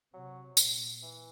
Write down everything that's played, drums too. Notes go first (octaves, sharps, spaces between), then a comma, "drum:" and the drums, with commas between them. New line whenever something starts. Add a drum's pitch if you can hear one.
C3 F#3
A#2, drum: tambourine
E3